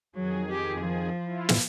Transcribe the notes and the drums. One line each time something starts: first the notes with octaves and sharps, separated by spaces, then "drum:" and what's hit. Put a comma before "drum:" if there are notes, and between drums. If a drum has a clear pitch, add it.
F2 D#3 F#3 G#4
G4
F3
E4 F4
drum: snare